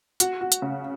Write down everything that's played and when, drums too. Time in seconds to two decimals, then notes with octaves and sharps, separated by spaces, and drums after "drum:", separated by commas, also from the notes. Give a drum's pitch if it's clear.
0.20 F#4, drum: hi-hat
0.41 F#4
0.52 drum: hi-hat
0.62 C#3